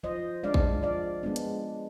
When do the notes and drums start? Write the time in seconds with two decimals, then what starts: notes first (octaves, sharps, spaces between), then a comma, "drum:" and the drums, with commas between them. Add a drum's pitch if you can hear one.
0.03 F3 C5 D#5
0.43 G#3 D4 D5 F5
0.54 drum: kick A#1
0.83 F3 D5 F5
1.23 G#3 B3 D4
1.36 drum: hi-hat